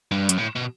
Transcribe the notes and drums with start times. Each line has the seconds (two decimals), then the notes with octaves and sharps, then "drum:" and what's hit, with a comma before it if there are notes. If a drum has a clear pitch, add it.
0.11 G2
0.29 F#2, drum: hi-hat
0.38 A2
0.55 B2